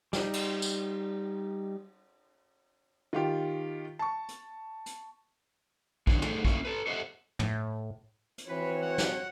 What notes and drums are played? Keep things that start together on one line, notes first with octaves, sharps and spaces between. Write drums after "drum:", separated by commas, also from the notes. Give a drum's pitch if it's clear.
G3 D#4, drum: snare
drum: cymbal
drum: tambourine
D#3 F4 G4
A5 C#6
drum: hi-hat
drum: hi-hat
D#3 F3 B3 D4 E4, drum: kick A#1
A3 D#4 G#4 A4, drum: tom
A3 A#3 C#4 E4 F#4, drum: kick A#1
A4 B4
G4 A4 C5 D#5 E5 F#5
A2, drum: tom
drum: hi-hat
E3 C4 F#4 B4 C#5
F#5
drum: snare